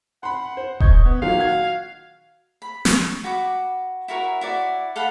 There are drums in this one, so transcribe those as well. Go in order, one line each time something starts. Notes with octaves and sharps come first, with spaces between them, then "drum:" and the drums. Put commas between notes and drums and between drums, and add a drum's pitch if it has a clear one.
F#5 B5 C6
C5
D#5 C#6 G6 G#6, drum: kick D#1
B3
A#2 D#3 F#3 F5
F#4 G#6
B5
C#6, drum: snare
F#4 B5 D6
E4 F#4 A#4 C#5
E4 F#4 D5
A4 F5 F#5 B5